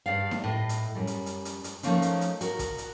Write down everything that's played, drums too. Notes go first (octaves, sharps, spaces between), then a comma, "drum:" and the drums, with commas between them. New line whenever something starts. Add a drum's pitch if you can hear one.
G2 D5 F5
drum: snare D#4
A2 D#5
drum: hi-hat
F#2 G3
drum: hi-hat
drum: hi-hat
drum: hi-hat
drum: hi-hat
F3 A3 A#3 C#4 D#4, drum: hi-hat
drum: hi-hat
drum: hi-hat
F#4 A#4, drum: hi-hat
drum: kick, hi-hat
drum: hi-hat